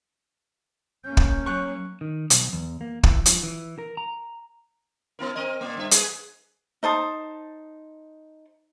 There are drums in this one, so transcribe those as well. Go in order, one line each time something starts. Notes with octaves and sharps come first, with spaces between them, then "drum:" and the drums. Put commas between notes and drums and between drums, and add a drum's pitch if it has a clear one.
A#3 C#4 G6
drum: kick
F#3 C#6 F#6
D#3
B1, drum: hi-hat
E2
A#3
E3, drum: kick
F3, drum: hi-hat
E3
A#4
A#5
B3 E4 A#4
C4 A#4 D#5
A#2 A#3
G2 E5
G#4 B4, drum: hi-hat
D#4 C5 A5 D#6